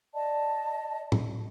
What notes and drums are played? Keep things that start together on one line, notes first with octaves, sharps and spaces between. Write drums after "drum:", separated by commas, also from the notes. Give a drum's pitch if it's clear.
D5 D#5 A5
drum: tom A2